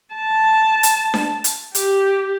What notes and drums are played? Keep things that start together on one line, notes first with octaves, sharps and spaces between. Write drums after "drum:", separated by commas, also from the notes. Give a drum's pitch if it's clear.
A5
drum: hi-hat
drum: snare D4
drum: hi-hat
G4, drum: hi-hat